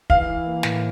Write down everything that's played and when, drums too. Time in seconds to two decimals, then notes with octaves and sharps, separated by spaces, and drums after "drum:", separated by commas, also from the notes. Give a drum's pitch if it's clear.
0.10 E3 F5, drum: kick
0.27 E3
0.46 A#3
0.63 A2, drum: snare